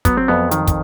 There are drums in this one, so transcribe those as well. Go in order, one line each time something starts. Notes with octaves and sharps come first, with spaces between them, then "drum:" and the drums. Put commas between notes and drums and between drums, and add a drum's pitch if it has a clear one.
F#3 B3, drum: kick, hi-hat
C4
F2 B3
D#3, drum: hi-hat
drum: kick, hi-hat